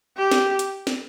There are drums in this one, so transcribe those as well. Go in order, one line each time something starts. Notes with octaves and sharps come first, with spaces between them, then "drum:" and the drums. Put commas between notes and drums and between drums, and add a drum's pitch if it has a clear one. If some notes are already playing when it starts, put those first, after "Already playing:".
G4
drum: snare
drum: hi-hat
drum: snare